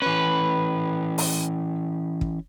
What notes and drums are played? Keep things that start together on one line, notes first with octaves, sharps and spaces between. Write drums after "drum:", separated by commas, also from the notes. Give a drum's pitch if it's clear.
E3 C#4 B4
drum: open hi-hat
drum: kick